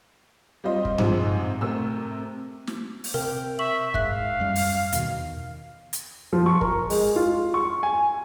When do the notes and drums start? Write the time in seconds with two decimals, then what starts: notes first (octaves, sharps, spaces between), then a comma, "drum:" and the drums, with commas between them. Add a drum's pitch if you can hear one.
0.64 G3 C4 F4 C5 D#5
0.85 drum: kick
0.98 G#2 C3 F3 G#3, drum: tom G2
1.61 C3 A3 A#4 E6
2.67 drum: snare
3.04 drum: open hi-hat
3.14 C3 A#4 G5
3.59 E5 C#6 F#7
3.94 G#2 E5 F5 F#6 B6, drum: kick
4.40 F#2 G3
4.55 drum: open hi-hat
4.92 E2 B2 D#3, drum: hi-hat
5.93 drum: hi-hat
6.33 F3
6.46 C#6
6.61 A#4, drum: kick
6.90 G#3, drum: open hi-hat
7.16 F4
7.54 C#6
7.83 G#5